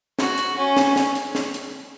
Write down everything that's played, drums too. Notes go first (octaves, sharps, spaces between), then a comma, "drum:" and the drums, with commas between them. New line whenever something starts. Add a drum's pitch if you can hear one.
F#4, drum: snare
drum: hi-hat
C#4
drum: snare
drum: snare
drum: hi-hat
drum: snare
drum: hi-hat